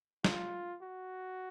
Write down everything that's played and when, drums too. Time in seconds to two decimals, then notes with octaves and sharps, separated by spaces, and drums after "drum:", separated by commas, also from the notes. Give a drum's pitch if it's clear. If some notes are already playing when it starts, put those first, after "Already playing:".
0.24 F4, drum: snare
0.82 F#4